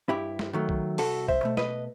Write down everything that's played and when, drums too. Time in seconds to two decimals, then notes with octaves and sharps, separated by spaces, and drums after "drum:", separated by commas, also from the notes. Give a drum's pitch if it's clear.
0.09 G2 E4 G4
0.39 drum: snare
0.53 D#3 F#3 A3
0.69 drum: kick B1
0.98 C2 F#4 A4, drum: open hi-hat
1.28 C5 E5, drum: kick B1
1.43 B2 A3
1.57 B4 D#5, drum: snare